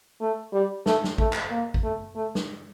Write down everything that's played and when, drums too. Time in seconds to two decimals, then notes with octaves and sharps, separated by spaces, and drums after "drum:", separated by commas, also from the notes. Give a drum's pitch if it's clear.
0.21 A3
0.53 G3
0.86 A3, drum: snare
1.04 drum: snare
1.18 A3, drum: kick A1
1.33 drum: clap
1.51 A#3
1.74 drum: kick A1
1.83 A3
2.16 A3
2.35 drum: snare